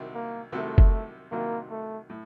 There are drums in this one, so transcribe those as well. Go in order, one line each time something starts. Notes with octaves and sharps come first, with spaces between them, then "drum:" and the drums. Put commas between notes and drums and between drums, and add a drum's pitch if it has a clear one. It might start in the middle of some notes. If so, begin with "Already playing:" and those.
Already playing: C2 C3 D#3 F#3
A#3
C2 C3 D#3 F#3 A3
drum: kick F#1
C2 C3 D#3 F#3 A#3
A3
A2